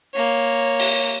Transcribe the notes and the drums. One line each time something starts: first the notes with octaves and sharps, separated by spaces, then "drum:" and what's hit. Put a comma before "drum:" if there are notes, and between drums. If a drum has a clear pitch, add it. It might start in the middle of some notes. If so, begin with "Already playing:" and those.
A#3 C#5
drum: open hi-hat